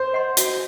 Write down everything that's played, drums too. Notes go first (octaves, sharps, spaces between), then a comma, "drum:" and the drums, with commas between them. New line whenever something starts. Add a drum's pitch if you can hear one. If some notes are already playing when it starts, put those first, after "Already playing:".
Already playing: C5
D#5 F#5 C6
F#4, drum: hi-hat